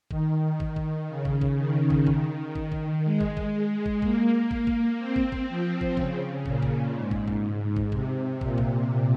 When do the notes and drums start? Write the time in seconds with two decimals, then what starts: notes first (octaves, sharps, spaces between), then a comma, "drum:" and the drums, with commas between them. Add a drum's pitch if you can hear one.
0.11 D#3, drum: kick
0.60 drum: kick
0.76 drum: kick
1.09 C#3
1.25 drum: kick
1.41 drum: kick
1.58 D#3
1.90 drum: kick
2.07 drum: kick
2.55 drum: kick
2.72 drum: kick
3.05 G#3
3.21 drum: kick
3.37 drum: kick
3.86 drum: kick
4.02 A#3, drum: kick
4.51 drum: kick
4.67 drum: kick
4.99 C4
5.16 drum: kick
5.32 drum: kick
5.49 F3
5.81 drum: kick
5.97 C#3, drum: kick
6.46 A#2, drum: kick
6.62 drum: kick
6.95 G#2
7.11 drum: kick
7.28 drum: kick
7.44 G#2
7.76 drum: kick
7.92 C3, drum: kick
8.41 A#2, drum: kick
8.58 drum: kick